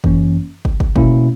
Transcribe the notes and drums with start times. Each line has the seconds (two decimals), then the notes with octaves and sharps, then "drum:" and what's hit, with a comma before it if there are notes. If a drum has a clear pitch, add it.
0.04 G1 F#2 E3 A#3 C#4, drum: kick
0.65 drum: kick
0.80 drum: kick
0.96 B2 A#3 C#4 E4, drum: kick